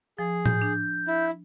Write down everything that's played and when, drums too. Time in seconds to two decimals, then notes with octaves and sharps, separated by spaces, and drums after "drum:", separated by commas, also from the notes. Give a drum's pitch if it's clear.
0.19 F3 G#4
0.46 G6, drum: tom A2
0.62 D4
1.08 E4